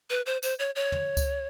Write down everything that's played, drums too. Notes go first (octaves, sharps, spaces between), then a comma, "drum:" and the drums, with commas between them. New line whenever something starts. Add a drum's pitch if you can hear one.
B4
C5
C5, drum: tambourine
C#5
C#5
drum: tom
drum: kick C#2, tambourine